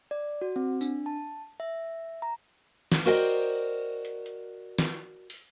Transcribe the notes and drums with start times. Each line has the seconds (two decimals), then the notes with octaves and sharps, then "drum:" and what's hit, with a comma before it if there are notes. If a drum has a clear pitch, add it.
0.11 D5
0.42 F#4
0.56 C4
0.81 D4, drum: tambourine
1.06 A5
1.60 E5
2.22 A#5
2.92 drum: snare
3.06 F#4 A#4 C5 D5 D#5 G5, drum: cymbal
4.05 drum: hi-hat
4.26 drum: hi-hat
4.79 drum: snare
5.30 drum: open hi-hat